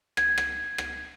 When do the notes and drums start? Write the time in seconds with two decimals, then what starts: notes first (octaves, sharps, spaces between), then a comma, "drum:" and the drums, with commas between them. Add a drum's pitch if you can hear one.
0.17 G#6, drum: rim click
0.38 drum: rim click
0.78 drum: rim click